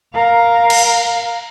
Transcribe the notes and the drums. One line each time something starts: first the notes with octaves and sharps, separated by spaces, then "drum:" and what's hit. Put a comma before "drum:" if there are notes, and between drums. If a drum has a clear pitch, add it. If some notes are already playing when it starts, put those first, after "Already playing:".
A#4 F5
drum: cymbal